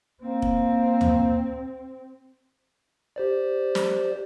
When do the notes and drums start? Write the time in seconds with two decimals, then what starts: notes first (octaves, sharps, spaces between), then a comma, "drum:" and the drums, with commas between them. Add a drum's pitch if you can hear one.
0.22 A#3 C4
0.42 drum: kick F1
1.01 drum: tom
3.16 G4 C5 D5
3.75 drum: snare